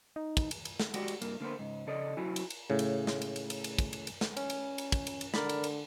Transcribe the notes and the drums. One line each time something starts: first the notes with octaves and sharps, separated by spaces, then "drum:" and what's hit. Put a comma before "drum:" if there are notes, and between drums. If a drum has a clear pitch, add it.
D#4
drum: kick, cymbal
drum: cymbal
drum: cymbal
drum: snare
G#3 F#4 G4 D5, drum: cymbal
drum: cymbal
G2 A#3, drum: cymbal
D3 A#3 B3 C5
C#2 G#2
C#3 A4 D5 D#5
F#2 F#3 E4 F#4 G#5
drum: cymbal
drum: cymbal
A2 C#3
drum: cymbal
drum: snare
drum: cymbal
drum: cymbal
drum: cymbal
drum: cymbal
drum: kick, cymbal
drum: cymbal
drum: cymbal
drum: snare
C#4, drum: cymbal
drum: cymbal
drum: cymbal
drum: kick, cymbal
drum: cymbal
drum: cymbal
D3 A#4 D5 B5, drum: snare
drum: cymbal
drum: cymbal